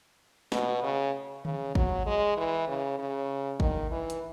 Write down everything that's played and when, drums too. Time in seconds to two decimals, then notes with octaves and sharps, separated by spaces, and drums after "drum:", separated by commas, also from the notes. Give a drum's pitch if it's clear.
0.52 B2, drum: snare
0.83 C#3
1.45 C#3, drum: tom D3
1.75 F#3, drum: kick
2.06 G#3
2.37 E3
2.68 C#3
2.99 C#3
3.60 D#3, drum: kick
3.91 E3
4.10 drum: hi-hat